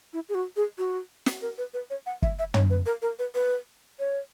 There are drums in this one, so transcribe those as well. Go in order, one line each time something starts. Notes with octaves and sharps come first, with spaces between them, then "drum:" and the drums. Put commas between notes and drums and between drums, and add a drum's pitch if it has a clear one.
E4
G#4
F#4
G#4
F#4
drum: snare
A#4
B4
B4
C#5
F#5
E5, drum: kick
E5
C#5, drum: tom
B4
A#4
A#4
B4
B4
C#5